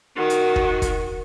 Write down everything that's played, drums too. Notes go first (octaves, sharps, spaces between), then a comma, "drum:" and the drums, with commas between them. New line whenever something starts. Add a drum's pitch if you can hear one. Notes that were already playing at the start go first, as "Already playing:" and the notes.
D#3 F#4
drum: hi-hat
drum: kick
drum: kick, hi-hat